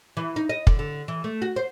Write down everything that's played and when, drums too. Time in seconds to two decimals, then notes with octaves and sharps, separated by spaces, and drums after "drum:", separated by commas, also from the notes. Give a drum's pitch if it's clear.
0.17 E3
0.36 D#4
0.49 D#5
0.67 D3, drum: kick
0.79 D3
1.08 E3
1.24 A3
1.42 F#4
1.56 C5